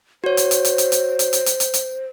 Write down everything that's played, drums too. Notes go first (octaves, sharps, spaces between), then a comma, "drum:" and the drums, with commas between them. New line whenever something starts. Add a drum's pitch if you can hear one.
F#4 C5 C#5
drum: hi-hat
drum: hi-hat
drum: hi-hat
drum: hi-hat
drum: hi-hat
drum: hi-hat
drum: hi-hat
drum: hi-hat
drum: hi-hat
drum: hi-hat